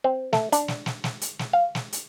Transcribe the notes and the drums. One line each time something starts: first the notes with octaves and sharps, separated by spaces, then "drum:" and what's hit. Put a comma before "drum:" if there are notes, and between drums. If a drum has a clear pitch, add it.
C4
A3, drum: snare
D4, drum: hi-hat
drum: snare
drum: snare
drum: snare
drum: hi-hat
drum: snare
F5
drum: snare
drum: hi-hat